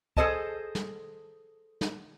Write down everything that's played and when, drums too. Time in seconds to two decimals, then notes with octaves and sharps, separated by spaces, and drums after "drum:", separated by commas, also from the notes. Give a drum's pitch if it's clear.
0.17 G#4 A4 C5 D#5 A5, drum: kick
0.75 drum: snare
1.81 drum: snare